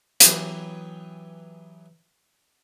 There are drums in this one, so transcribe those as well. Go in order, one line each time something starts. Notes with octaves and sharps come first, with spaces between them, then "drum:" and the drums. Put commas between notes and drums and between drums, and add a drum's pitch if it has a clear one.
E3 F#3 B3 G4 G#4, drum: hi-hat